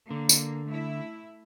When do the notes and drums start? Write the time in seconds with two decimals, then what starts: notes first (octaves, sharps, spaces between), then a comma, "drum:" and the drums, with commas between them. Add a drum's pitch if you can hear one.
0.11 D3 A#3
0.29 drum: tambourine
0.68 A3 E4 E5